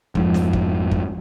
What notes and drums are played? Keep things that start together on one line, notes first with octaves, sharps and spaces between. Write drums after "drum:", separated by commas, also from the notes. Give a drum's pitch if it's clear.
F2 G#2 F3, drum: kick
drum: snare
drum: kick
drum: kick